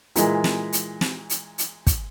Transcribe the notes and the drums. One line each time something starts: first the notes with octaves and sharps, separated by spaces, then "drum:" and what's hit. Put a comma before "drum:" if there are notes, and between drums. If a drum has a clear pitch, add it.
A#2 E3 G#3, drum: hi-hat
drum: snare
drum: hi-hat
drum: snare
drum: hi-hat
drum: hi-hat
drum: kick, hi-hat